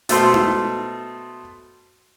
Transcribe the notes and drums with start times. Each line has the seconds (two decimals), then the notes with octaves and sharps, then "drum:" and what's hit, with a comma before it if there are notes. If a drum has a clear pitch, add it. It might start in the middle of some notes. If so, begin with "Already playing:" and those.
0.09 B2 A3 A4 C5 C6, drum: hi-hat
0.34 drum: tom D#4